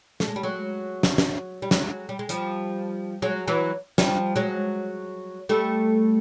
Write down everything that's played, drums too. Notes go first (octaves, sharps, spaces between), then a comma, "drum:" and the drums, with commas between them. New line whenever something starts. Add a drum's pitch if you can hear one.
A3, drum: snare
G#3
G3
F#3 G#3
drum: snare
drum: snare
G3
F#3 G#3, drum: snare
G3
G#3
F3 G3, drum: hi-hat
F#3 G#3
E3 F#3
F3 G3, drum: snare
F#3 G#3
G3 A3